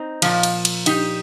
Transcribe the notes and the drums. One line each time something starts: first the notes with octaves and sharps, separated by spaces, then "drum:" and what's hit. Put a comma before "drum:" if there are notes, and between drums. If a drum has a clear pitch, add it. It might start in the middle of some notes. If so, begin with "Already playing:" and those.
Already playing: C4 D#4
A#2 F3, drum: cymbal
drum: cymbal
drum: cymbal
D#4 G4, drum: cymbal